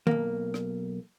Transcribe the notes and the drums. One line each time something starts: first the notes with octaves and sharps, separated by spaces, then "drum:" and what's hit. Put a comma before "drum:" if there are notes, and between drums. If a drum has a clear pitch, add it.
B1 A#3, drum: tom D#3
drum: rim click